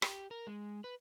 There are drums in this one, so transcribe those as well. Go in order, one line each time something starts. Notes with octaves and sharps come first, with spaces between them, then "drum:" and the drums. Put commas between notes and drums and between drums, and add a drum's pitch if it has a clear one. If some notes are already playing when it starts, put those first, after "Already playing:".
G4, drum: rim click
A#4
G#3
B4